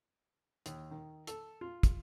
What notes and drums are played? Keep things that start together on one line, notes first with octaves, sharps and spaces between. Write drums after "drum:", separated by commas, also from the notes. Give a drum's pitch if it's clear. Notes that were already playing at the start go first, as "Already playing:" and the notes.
D#2, drum: hi-hat
D#3
A4, drum: hi-hat
F4
drum: kick, hi-hat